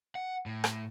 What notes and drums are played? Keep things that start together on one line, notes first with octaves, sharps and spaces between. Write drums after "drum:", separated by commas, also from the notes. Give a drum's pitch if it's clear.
F#5
A2
drum: rim click